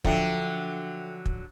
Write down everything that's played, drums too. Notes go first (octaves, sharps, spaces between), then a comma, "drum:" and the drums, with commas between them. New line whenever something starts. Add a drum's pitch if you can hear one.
D3 F3 F#3 A4 E5 G5, drum: kick
drum: kick